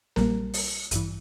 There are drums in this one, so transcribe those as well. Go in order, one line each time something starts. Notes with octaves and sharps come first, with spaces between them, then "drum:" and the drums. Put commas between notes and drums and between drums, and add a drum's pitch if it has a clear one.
A#1 A#2 G3 A#3 A#4, drum: snare
drum: open hi-hat
A1 G2 E3, drum: hi-hat